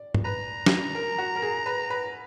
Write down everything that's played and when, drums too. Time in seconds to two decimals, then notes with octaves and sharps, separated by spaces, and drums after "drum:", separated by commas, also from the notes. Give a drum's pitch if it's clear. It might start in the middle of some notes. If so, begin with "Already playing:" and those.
Already playing: D5
0.14 drum: tom G#2
0.25 B4 A#5
0.66 drum: snare
0.95 A#4
1.18 F#4
1.36 A#4
1.43 G#4
1.66 B4
1.90 B4